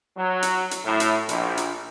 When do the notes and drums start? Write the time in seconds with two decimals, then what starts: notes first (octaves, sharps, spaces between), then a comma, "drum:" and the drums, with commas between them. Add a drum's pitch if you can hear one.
0.17 F#3
0.43 drum: hi-hat
0.71 drum: hi-hat
0.84 A2
1.00 drum: hi-hat
1.29 A#1, drum: hi-hat
1.57 drum: hi-hat